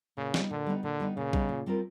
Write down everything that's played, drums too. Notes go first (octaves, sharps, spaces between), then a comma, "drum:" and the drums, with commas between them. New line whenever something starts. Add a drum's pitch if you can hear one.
A#2 C#3
G3 B3 D#4, drum: snare
A#2 D3
G3 B3 D#4
A#2 D3
G3 B3 D#4
A#2 C#3
G3 B3 D#4, drum: kick A#1
A#2
G3 C4 F4 A#4